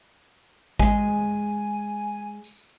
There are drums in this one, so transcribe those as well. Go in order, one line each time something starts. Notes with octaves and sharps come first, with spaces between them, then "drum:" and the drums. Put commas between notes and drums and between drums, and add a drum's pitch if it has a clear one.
G#3 G#4 G#5, drum: kick G#1
drum: tambourine